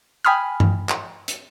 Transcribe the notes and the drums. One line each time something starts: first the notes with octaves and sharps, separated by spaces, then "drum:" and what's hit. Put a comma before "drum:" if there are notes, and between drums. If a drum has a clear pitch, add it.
G5 G#5 B5 D#6 F6
drum: tom G2
drum: clap
drum: hi-hat